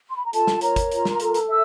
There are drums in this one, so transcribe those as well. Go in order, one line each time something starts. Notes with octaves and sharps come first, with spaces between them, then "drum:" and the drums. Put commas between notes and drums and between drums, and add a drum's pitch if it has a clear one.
C6
B5
A#5
F4 A4 A5, drum: hi-hat
drum: snare
A#4 C#5 A#5, drum: hi-hat
drum: kick, hi-hat
F4, drum: hi-hat
drum: snare
A4, drum: hi-hat
drum: hi-hat
E5 E6